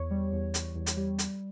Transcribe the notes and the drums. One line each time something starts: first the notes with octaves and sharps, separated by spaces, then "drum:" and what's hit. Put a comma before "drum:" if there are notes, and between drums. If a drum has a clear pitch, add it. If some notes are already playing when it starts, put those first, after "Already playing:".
Already playing: E2 C#5
G3
E2
E2, drum: hi-hat
E2
drum: hi-hat
G3
G3, drum: hi-hat